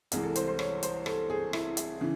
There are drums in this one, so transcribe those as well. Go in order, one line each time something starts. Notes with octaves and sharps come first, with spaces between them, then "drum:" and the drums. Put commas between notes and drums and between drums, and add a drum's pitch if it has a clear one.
C2 C3 E3 G#3 G#4, drum: hi-hat
A4
C5, drum: hi-hat
C5
C#5, drum: rim click
C5, drum: hi-hat
A4, drum: rim click
G#4
E4, drum: rim click
drum: hi-hat
C#3 E3